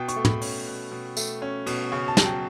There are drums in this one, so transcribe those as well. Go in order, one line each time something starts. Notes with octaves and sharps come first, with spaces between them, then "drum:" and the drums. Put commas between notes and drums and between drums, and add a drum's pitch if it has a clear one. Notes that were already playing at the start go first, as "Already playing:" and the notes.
Already playing: B2 G5
C#6, drum: hi-hat
A3
B5, drum: tom
C#4, drum: open hi-hat
B2
B2
A3, drum: tambourine
C#4
B2, drum: cymbal
C#3 C#6
A5
F#3, drum: snare
G5